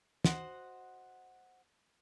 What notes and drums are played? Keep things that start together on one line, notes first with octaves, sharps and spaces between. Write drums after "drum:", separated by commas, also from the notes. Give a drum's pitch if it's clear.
F#4 C5 D#5 F#5, drum: snare